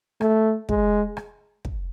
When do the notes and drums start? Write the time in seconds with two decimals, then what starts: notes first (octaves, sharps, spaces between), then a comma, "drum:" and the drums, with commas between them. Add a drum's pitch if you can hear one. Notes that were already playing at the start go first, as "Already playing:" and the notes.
0.21 A3, drum: rim click
0.69 G#3, drum: kick
1.17 drum: rim click
1.65 drum: kick